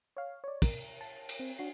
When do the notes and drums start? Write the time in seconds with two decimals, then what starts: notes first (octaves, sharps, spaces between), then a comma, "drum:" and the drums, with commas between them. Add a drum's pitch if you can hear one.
0.17 C#5 F5
0.44 C#5 D5
0.62 A#4, drum: kick, cymbal
1.01 A5
1.29 drum: cymbal
1.39 C4
1.58 D4 F#4 C7